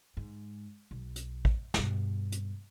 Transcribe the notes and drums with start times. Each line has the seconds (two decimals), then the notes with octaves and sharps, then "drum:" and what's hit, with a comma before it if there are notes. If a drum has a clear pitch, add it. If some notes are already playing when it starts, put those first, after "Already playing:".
0.17 G#2
0.91 B1
1.16 drum: hi-hat
1.45 drum: kick
1.74 G2 B2, drum: snare
2.32 drum: hi-hat